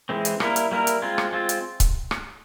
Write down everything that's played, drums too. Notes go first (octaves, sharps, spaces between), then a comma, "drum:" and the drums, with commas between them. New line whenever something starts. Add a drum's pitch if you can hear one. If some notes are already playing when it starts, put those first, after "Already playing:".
E3 G#3 C4
drum: hi-hat
G3 A#3 E4 A#4, drum: rim click
drum: hi-hat
G3 A#3 E4 A#4
drum: hi-hat
G#3 C4 F4
drum: rim click
G#3 C4 F4
drum: hi-hat
drum: kick C#1, hi-hat
drum: rim click